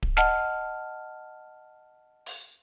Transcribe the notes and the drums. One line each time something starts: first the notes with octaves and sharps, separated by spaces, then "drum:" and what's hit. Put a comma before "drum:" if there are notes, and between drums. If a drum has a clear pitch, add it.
drum: kick D1
D#5 F#5 A5 F6, drum: snare
drum: open hi-hat